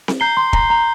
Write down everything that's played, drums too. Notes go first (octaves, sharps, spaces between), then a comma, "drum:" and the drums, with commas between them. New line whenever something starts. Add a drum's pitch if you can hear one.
drum: snare C4
A#5 G6 C7 G7
C6
A#5, drum: kick
A#5